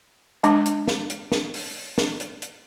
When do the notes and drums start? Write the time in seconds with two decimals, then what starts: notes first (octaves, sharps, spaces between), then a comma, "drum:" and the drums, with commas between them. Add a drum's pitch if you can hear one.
0.43 G#3 D4 D6, drum: hi-hat
0.65 drum: hi-hat
0.88 drum: snare
1.10 drum: hi-hat
1.32 drum: snare
1.54 drum: open hi-hat
1.98 drum: snare
2.20 drum: hi-hat
2.42 drum: hi-hat